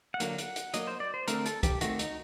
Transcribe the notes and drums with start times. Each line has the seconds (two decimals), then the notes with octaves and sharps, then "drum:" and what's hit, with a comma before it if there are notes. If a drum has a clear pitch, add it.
0.14 F#5
0.20 D3 F#3 A#3, drum: hi-hat
0.38 F#5, drum: hi-hat
0.56 drum: hi-hat
0.74 F#3 A#3 D#5, drum: hi-hat
0.87 C5
1.00 D5
1.14 C5
1.28 D3 A3 C4 A#4, drum: hi-hat
1.46 A4, drum: hi-hat
1.63 G4, drum: kick C2, hi-hat
1.81 D#3 A3 C4 F#4, drum: hi-hat
1.99 D#4, drum: hi-hat